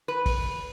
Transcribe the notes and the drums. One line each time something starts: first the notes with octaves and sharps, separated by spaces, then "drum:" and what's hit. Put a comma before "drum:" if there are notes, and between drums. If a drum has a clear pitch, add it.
B4
drum: kick, open hi-hat